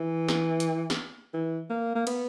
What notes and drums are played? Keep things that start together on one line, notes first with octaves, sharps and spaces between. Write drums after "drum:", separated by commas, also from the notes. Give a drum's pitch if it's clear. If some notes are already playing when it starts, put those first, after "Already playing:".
Already playing: E3
drum: snare
drum: hi-hat
drum: snare
E3
A#3
A#3
B3, drum: cymbal